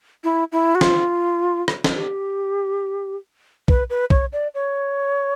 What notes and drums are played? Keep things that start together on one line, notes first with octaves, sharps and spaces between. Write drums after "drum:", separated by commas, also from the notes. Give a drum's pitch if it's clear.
E4
E4
F#4
F4, drum: snare
drum: rim click
drum: snare
G4
B4, drum: kick
B4
C#5, drum: kick
D5
C#5